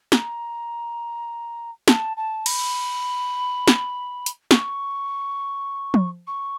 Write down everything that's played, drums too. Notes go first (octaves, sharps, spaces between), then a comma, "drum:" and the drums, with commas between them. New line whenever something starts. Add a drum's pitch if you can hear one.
A#5, drum: snare
A5, drum: snare
A5
B5, drum: cymbal
drum: snare
drum: hi-hat
C#6, drum: snare
drum: tom F3
C#6